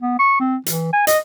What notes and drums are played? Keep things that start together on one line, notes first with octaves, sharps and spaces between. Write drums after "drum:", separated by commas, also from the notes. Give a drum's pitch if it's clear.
B3
C#6
C4
E3, drum: hi-hat
G#5
D#5, drum: hi-hat